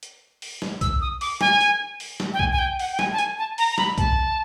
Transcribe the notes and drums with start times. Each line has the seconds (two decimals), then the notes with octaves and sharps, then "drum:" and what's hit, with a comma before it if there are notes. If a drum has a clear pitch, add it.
0.03 drum: hi-hat
0.42 drum: open hi-hat
0.62 drum: snare
0.81 E6, drum: kick B1, hi-hat
1.01 D#6
1.21 D6, drum: open hi-hat
1.41 G#5, drum: snare
1.61 drum: hi-hat
2.00 drum: open hi-hat
2.20 drum: snare
2.34 G5
2.39 G#5, drum: kick B1
2.52 G#5
2.59 G5
2.79 F#5, drum: open hi-hat
2.92 G5
2.99 G#5, drum: snare
3.12 A5
3.18 G#5, drum: hi-hat
3.38 A5
3.58 A#5, drum: open hi-hat
3.71 A#5
3.78 B5, drum: snare
3.98 A5, drum: kick B1, hi-hat